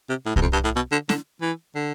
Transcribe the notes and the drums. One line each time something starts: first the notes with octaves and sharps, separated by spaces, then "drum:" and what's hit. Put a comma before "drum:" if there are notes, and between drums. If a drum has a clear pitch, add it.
C3
A2
G2, drum: kick C2
F2
G2
A2
B2
D3
D3, drum: snare
E3
D3